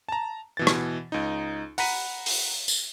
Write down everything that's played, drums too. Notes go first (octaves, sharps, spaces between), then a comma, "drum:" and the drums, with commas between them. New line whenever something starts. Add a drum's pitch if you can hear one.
A5 A#5
B2 E3 A6
drum: rim click
C#2 D#4
F#5 A#5 B5 B6 D#7, drum: open hi-hat
drum: open hi-hat
drum: tambourine